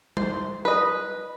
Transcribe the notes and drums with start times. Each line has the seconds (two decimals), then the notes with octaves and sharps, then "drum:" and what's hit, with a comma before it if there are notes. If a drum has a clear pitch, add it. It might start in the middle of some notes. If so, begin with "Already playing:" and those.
0.17 C5, drum: tom G3
0.65 B4 D#5